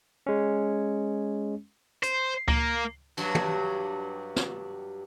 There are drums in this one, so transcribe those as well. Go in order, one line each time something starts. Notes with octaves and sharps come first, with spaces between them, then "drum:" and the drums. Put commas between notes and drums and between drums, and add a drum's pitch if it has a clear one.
G#3 C#4
C5, drum: hi-hat
A#3, drum: kick C#2
G2 F#3 G3, drum: cymbal
drum: tom
drum: snare